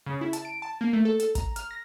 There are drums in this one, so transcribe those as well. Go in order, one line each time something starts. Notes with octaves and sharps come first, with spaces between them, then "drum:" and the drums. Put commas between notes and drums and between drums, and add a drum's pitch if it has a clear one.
C#3
E4
A5, drum: hi-hat
D7
A5
A#3
A3
A4
A4, drum: hi-hat
A#5, drum: kick, hi-hat
F6, drum: hi-hat
A#6